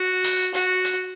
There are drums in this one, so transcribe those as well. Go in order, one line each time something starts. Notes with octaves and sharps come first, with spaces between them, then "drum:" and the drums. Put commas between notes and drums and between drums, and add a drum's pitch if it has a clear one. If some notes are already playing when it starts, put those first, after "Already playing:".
Already playing: F#4
drum: open hi-hat
F#4, drum: hi-hat
drum: hi-hat